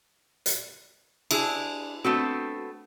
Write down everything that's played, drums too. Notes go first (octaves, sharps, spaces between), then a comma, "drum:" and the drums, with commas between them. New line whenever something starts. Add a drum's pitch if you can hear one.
drum: hi-hat
D4 E4 G#4, drum: cymbal
A3 B3 C4 D4 F#4